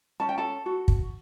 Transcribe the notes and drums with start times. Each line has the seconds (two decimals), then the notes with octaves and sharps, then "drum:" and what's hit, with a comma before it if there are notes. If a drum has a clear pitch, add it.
0.20 C#4 A5
0.29 G5
0.38 A4 A5
0.66 F#4 A4
0.88 drum: kick